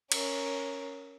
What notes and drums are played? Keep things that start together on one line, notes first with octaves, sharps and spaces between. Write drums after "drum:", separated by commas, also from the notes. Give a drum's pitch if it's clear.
C#4 A#4, drum: cymbal